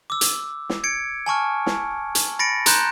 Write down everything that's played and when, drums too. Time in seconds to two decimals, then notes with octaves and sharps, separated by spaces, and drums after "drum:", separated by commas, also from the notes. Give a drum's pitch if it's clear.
0.10 D6 E6
0.21 drum: hi-hat
0.69 drum: snare
0.84 G#6 C#7 D7
1.26 G#5 A5 C#6 F6
1.66 drum: snare
2.15 drum: hi-hat
2.39 B5 A6 A#6 C#7 D7
2.66 A#5 C6 F#6 G6 E7, drum: hi-hat